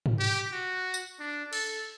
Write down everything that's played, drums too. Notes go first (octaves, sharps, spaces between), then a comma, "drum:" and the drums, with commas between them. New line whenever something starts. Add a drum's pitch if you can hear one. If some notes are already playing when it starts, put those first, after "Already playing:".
drum: tom G#2
G4
F#4
drum: tambourine
D4
A4, drum: cymbal